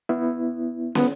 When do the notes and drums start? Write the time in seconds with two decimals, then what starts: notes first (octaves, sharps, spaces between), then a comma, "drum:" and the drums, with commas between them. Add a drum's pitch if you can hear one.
0.09 B3 E4
0.95 B3, drum: snare